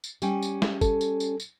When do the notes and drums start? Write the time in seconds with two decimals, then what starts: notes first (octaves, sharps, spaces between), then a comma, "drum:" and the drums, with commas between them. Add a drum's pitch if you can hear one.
0.04 drum: tambourine
0.22 G3 C#4 G5, drum: tambourine
0.43 drum: tambourine
0.62 drum: snare
0.81 A4, drum: kick, tambourine
1.01 drum: tambourine
1.20 drum: tambourine
1.40 drum: tambourine